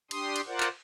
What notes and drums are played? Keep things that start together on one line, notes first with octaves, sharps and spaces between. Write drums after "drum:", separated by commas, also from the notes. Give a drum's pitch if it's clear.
D4 G4 C6 D#6, drum: cymbal
drum: cymbal
F4 A#4 C5 D5 F#5
drum: clap